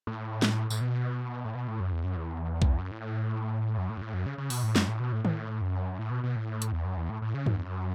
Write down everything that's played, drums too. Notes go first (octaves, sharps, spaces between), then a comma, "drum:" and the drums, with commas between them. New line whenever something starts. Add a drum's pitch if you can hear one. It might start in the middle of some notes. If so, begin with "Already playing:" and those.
A2
drum: snare
A2, drum: tambourine
B2
A2
B2
A2
F#2
E2
F#2
E2
F#2, drum: kick B1
E2
F#2
A2
F#2
A2
F#2
A2
F#2
C#3
C#3
B2, drum: open hi-hat
A2
F#2, drum: snare
A2
B2
A2
A2, drum: tom D#3
F#2
A2
B2
B2
A2
drum: hi-hat
E2
F#2
E2
A2
A2
C#3
F#2, drum: tom G2
E2
F#2